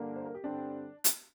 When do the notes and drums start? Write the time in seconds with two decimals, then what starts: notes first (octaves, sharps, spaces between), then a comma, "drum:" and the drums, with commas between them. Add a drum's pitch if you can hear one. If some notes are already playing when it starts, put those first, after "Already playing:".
Already playing: G2 D3 A#3
0.16 C5
0.25 A#4
0.35 G4
0.44 G2 D3 G3 C4 D4
1.04 drum: hi-hat